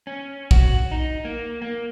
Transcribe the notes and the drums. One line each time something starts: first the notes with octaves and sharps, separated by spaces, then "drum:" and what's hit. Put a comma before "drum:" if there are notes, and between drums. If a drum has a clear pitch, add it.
C#4
F#4, drum: kick
D#4
A#3
A#3